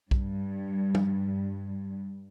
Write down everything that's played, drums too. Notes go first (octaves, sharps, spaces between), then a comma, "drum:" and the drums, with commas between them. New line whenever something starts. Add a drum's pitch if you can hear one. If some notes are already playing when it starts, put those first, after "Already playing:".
G2, drum: kick B1
drum: tom F3